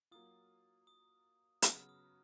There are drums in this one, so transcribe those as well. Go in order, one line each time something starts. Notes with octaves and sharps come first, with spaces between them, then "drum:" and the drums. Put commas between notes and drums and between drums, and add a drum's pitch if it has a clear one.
F#3 A#3 F4 D#6
D#6
C#3 F#3 B3 F#4 D#6, drum: hi-hat
F6
D#6